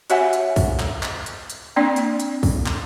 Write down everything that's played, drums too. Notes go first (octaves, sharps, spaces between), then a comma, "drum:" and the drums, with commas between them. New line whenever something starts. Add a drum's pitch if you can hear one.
F#4 G4 C#5 E5 F#5 G#5, drum: hi-hat
drum: hi-hat
drum: kick, open hi-hat
drum: clap
drum: clap
drum: hi-hat
drum: hi-hat
A#3 C4 D4 D5
drum: hi-hat
drum: hi-hat
drum: kick, open hi-hat
drum: clap